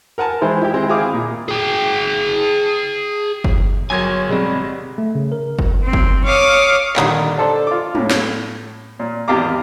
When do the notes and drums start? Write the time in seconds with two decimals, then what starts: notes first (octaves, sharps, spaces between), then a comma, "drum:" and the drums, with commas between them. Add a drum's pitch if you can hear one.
0.18 A#4 F#5 G#5 A5
0.41 D#3 E3 G#3 E4 C5
0.62 E4 G4
0.74 G#3 C4
0.88 C4 E4 G#4 F5 D6
1.13 A#2
1.48 G#4 G5
3.44 drum: kick F#1
3.90 G1 F#3 G#4 A#4 C#5 G#5 C6 G#6
4.29 B1 G3 G#3 C4 D5 B5
4.98 A3
5.15 C#3
5.32 A#4
5.59 drum: kick F#1
5.84 C4
5.93 drum: kick F#1
6.24 C#5 F5 D6 D#6
6.96 A#1 D3 D#3 G3, drum: clap
7.38 D4 A4 C5 D5
7.67 F4 D6
7.95 A2, drum: tom
8.11 drum: snare
9.00 A#2
9.28 G#1 E2 G4 F5 A#5 D6